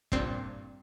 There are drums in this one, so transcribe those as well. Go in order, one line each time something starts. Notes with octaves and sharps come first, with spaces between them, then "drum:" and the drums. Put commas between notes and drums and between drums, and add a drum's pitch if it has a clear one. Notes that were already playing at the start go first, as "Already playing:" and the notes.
G2 A#2 C4, drum: kick